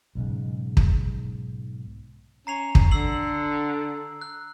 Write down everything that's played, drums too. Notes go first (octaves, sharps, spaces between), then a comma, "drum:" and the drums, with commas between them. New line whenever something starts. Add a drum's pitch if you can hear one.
B1 G#2 C#3
drum: kick
C#4 A#5 C7 F7
drum: kick
D3 E6 C7 F#7
F#6